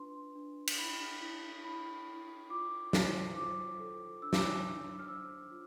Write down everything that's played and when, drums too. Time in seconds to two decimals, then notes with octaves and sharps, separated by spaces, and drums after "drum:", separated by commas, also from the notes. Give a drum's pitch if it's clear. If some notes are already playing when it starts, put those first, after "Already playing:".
Already playing: D4 F4 B4 C6
0.35 D4
0.67 drum: cymbal
0.78 E4 B5
1.21 E4
1.64 E4 B5
2.07 E4
2.50 F4 D6
2.93 C5, drum: snare
3.36 F4 D6
3.79 A4
4.22 D4 E6
4.33 D6, drum: snare
4.43 E6
4.65 D4
4.99 F6
5.08 C5 E6
5.51 F4